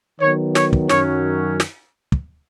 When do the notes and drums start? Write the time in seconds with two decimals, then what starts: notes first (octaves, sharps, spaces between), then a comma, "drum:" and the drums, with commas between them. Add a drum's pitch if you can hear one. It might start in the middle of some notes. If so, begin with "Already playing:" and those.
0.20 D#3 F#3 B3 C#5
0.55 C#5, drum: snare
0.73 drum: kick
0.89 F#2 D#3 F#3 C#4 C#5, drum: snare
1.60 drum: snare
2.12 drum: kick